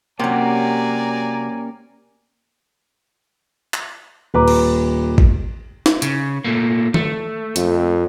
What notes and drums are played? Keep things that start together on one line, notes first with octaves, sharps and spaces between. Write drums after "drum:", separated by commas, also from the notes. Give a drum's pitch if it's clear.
C3 F#3 A#3 C#4 G4 D5 G#5 A#5
drum: clap
D#1 B4 A#5 D6
drum: cymbal
drum: kick G#1
drum: snare
C#3, drum: hi-hat
A#2 A3 A#3
A3, drum: tom D#3
F2, drum: hi-hat